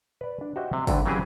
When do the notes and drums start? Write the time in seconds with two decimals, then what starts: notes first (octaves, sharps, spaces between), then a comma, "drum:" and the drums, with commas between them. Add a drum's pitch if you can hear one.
0.21 B4 D5
0.41 D4
0.56 F#4 G4 C5 D#5 E5 G5
0.73 C3
0.87 D2 G2 D3, drum: kick, open hi-hat
1.06 C#3 E3 F#3 C4 G4 G#4